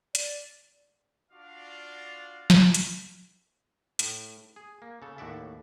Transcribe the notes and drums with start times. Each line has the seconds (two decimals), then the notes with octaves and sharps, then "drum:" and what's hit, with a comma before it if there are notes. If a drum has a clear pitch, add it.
0.15 D5, drum: hi-hat
1.32 D4 F4 F#4 D5 F5
2.50 drum: snare
2.74 drum: hi-hat
3.99 A2, drum: hi-hat
4.56 G#4
4.82 A#3
5.02 C#3 A4
5.18 D#2 A2 F#4 D5 E5